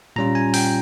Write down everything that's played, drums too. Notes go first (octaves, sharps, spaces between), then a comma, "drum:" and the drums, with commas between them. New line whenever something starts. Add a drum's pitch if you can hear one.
A#2 G3 C#4 F4 A#5
G#5
G5, drum: open hi-hat